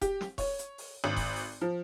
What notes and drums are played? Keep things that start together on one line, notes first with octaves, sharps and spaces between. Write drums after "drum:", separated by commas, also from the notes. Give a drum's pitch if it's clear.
G4, drum: kick E1, hi-hat
drum: snare
C#5, drum: kick E1, open hi-hat
drum: hi-hat
drum: open hi-hat
G#1
drum: kick E1, open hi-hat
drum: open hi-hat
F3